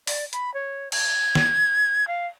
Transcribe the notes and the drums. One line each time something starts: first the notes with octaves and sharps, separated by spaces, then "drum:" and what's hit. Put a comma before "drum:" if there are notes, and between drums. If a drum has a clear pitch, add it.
D5, drum: open hi-hat
B5, drum: hi-hat
C#5
G#6, drum: cymbal
drum: snare
F5